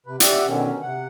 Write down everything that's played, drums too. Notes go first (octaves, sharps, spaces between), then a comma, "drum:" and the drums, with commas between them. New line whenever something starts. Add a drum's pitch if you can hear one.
C3 B4
G4 D5 E5 F#5, drum: hi-hat
B2 D3 D#3 F#3 C#4
C3 F#5